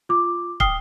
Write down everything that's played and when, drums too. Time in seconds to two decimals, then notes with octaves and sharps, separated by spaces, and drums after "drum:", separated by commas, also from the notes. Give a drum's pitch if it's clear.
0.09 F4 D6
0.60 G5 D#6 F6 C7 G7, drum: kick